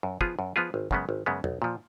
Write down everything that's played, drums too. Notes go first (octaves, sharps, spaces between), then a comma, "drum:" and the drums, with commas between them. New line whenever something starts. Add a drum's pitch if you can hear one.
F#2
F3 B3 F4 G#4, drum: kick
F#2
F3 B3 F4 G#4
G#1
F#2 C#3 G#3 B3, drum: kick
G#1
F#2 C#3 G#3 B3
B1, drum: tom E2
A#2 F3